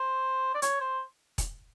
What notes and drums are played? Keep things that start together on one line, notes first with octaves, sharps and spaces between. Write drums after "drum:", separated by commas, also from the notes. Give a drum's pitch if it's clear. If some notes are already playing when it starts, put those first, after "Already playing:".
Already playing: C5
D5
C#5, drum: hi-hat
C5
drum: kick E1, hi-hat